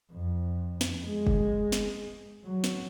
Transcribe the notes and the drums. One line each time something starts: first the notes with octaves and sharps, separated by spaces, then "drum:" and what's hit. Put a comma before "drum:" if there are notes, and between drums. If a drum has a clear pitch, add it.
F2
drum: snare
G#3
drum: kick
drum: snare
F#3
drum: snare